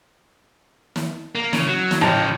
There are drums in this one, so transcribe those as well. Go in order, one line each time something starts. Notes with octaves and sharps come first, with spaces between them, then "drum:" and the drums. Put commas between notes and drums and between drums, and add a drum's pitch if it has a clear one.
drum: snare
A#3
C#3, drum: snare
F#3
drum: snare
A1 C#3 F3 A5 A#6